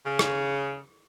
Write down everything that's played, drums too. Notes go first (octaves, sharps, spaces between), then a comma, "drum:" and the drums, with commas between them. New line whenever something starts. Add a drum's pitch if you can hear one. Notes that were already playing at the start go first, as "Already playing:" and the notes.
C#3
drum: rim click